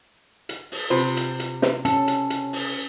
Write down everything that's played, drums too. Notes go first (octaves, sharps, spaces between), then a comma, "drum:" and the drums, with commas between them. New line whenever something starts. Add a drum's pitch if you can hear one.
drum: hi-hat
drum: open hi-hat
C3 F4 C5
drum: hi-hat
drum: hi-hat
drum: snare
C#4 A4, drum: hi-hat
drum: hi-hat
drum: hi-hat
drum: open hi-hat